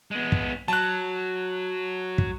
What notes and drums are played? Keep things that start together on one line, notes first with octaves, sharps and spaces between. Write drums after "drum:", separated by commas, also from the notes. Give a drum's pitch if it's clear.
G#3 B3
drum: kick
F#3 A5 F#6
drum: kick